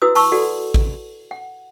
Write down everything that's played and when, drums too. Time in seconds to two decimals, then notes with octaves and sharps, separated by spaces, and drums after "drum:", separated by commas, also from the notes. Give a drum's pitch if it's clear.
0.02 E4 F#4 B4 D#6 E6
0.15 A5 B5 C#6 E6, drum: open hi-hat
0.32 F#4 A4 D5 F#5
0.74 drum: kick A1
1.31 F#5